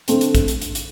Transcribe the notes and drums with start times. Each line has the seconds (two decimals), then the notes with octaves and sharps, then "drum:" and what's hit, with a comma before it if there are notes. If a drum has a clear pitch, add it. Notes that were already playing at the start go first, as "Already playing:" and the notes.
0.08 D3 A3 C4, drum: hi-hat
0.21 drum: hi-hat
0.35 drum: kick, hi-hat
0.48 drum: hi-hat
0.62 drum: hi-hat
0.75 drum: hi-hat